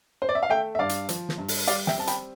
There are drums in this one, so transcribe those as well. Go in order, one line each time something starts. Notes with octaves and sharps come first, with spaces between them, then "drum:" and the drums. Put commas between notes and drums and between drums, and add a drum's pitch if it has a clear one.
C5
D5
E5
F5
A3 E5 G5
E5
G2 D5 F5
drum: hi-hat
F3, drum: hi-hat
drum: snare
G2
drum: open hi-hat
G3 D5 F5, drum: hi-hat
E5 G5, drum: snare
C4 A5
G5 B5, drum: hi-hat